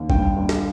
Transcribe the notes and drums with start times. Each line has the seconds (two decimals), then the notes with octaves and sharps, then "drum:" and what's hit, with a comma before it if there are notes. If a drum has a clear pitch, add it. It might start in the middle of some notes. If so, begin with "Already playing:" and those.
Already playing: D#2
0.10 G2 G5, drum: kick
0.36 G2
0.49 drum: snare